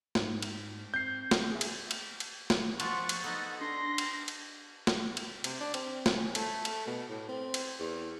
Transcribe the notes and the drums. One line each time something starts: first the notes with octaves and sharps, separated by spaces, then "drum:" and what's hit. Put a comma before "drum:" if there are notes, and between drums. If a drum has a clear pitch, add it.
G#2, drum: snare
drum: cymbal
C4 G6 C7
drum: snare
G#4 E5
drum: cymbal
drum: cymbal
drum: cymbal
drum: snare
F3 B3 F4 F#5 C#6 A6, drum: cymbal
drum: cymbal
B3 D#4 A4 F#5
D4 C6 A#6
drum: cymbal
drum: cymbal
drum: snare
drum: cymbal
C3, drum: cymbal
D4
C4, drum: cymbal
drum: snare
C#4
A3, drum: cymbal
drum: cymbal
B2
A2
C4
drum: cymbal
E2